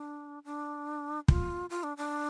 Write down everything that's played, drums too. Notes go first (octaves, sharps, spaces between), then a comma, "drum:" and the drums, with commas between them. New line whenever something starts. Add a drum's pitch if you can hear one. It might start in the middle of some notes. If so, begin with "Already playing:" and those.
Already playing: D4
D4
F4, drum: kick
F4
D4
D4